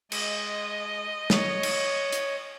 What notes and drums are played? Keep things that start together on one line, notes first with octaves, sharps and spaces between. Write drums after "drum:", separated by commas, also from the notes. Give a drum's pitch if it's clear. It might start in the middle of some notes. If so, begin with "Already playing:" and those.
G#3 D#5, drum: cymbal
C#5, drum: snare
drum: cymbal
drum: hi-hat